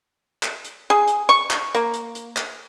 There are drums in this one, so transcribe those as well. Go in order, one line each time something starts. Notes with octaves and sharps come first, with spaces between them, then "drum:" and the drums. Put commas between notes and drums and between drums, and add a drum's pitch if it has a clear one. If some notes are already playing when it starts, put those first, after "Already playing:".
drum: clap
drum: hi-hat
G#4
drum: hi-hat
C#6
drum: clap
A#3, drum: hi-hat
drum: hi-hat
drum: hi-hat
drum: clap